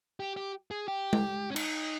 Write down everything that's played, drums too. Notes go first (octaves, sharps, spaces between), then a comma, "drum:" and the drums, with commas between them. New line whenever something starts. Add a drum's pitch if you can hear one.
G4
G4
G#4
G4
drum: tom G#3
C#4
D#4, drum: cymbal